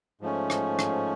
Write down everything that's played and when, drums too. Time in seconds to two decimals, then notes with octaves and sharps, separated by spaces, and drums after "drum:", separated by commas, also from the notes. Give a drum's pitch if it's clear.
0.21 G#2 F3 A3 C#4
0.50 drum: rim click
0.79 drum: rim click